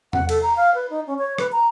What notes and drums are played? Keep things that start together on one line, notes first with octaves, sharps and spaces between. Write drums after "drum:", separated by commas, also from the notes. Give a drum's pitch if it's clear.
F#5, drum: tom E2
A4, drum: cymbal
A#5
F5
B4
D#4
C#4
C#5
B4, drum: rim click
A#5